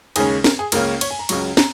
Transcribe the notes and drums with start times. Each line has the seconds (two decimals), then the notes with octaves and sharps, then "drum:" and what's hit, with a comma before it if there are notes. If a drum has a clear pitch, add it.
0.16 D#2 C#3 G#3 C#4 G#4, drum: cymbal
0.44 A#4, drum: snare
0.59 G#4
0.72 C#2 C#3 A#3 C#4 A#4, drum: cymbal
1.01 C#5, drum: cymbal
1.11 G#5
1.19 A#5
1.29 C#2 C#3 F#3 C#6, drum: cymbal
1.57 A#5, drum: snare